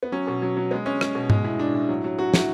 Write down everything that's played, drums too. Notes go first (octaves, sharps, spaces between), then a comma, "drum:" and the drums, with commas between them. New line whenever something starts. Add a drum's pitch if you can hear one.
B3
F#3 C#4
B2
F#3
F#3
G#3 B3
G#3 C#4
G#3, drum: rim click
B2
G#3, drum: tom G#2
A2
A2 D4
A2
F#3
F#3
F#3 F#4
A2, drum: snare